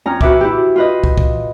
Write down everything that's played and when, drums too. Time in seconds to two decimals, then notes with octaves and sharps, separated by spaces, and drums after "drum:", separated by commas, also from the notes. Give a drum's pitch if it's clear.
0.06 F2 C#4 A#5 F6
0.21 F#4 B4 E5 D6, drum: kick
0.41 E4 G4
0.76 F4 B4 D#5
1.04 drum: kick
1.18 drum: kick